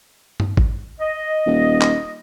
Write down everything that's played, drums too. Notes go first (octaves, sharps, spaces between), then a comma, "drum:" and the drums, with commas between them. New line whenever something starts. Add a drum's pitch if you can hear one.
drum: tom G2
drum: kick G#1
D#5
D#1
drum: clap